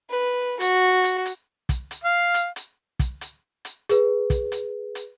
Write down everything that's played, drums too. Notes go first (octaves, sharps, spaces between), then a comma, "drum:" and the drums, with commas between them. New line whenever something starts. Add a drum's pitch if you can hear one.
B4
F#4, drum: hi-hat
drum: hi-hat
drum: hi-hat
drum: kick, hi-hat
drum: hi-hat
F5
drum: hi-hat
drum: hi-hat
drum: kick, hi-hat
drum: hi-hat
drum: hi-hat
G#4 B4, drum: hi-hat
drum: kick, hi-hat
drum: hi-hat
drum: hi-hat